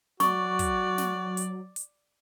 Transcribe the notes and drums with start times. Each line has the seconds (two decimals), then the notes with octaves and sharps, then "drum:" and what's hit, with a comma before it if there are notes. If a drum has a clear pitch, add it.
0.20 F#3 F#4 D5 C#6, drum: snare
0.59 drum: kick, hi-hat
0.98 drum: snare
1.37 drum: hi-hat
1.76 drum: hi-hat